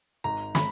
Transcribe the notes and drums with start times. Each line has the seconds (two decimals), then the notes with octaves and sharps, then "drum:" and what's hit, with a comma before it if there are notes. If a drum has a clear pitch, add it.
0.24 G#1 A#5
0.55 B5, drum: snare